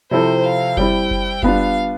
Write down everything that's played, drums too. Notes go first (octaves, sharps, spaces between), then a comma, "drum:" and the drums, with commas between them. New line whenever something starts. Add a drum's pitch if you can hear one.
C3 F3 C4 E4 A4 C5
F5
G3 C4 E4 G5, drum: kick F#1
drum: kick F#1
G3 B3 D4 F4 F5, drum: kick F#1